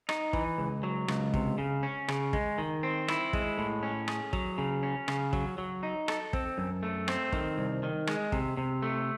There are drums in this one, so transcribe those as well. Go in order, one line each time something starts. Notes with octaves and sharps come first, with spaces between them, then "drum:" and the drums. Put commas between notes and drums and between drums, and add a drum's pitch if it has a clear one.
D#4, drum: rim click
E3, drum: kick
C#2
F#3
C#2, drum: rim click
C3, drum: kick
C#3
C#4
C#3, drum: rim click
G#3, drum: kick
D#3
C4
E4, drum: rim click
G#3, drum: kick
A2
C#4
G#4, drum: rim click
F#3, drum: kick
C#3
C#4
C#3, drum: rim click
F#3, drum: kick
F#3
D#4
A4, drum: rim click
C4, drum: kick
F#2
A3
C4, drum: rim click
D#3, drum: kick
C2
D#3
G#3, drum: rim click
C3, drum: kick
C3
A3